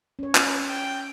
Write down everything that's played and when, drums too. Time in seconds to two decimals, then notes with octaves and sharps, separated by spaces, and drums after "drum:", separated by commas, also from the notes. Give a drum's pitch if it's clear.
0.19 C#4 C#5
0.35 drum: clap
0.70 G5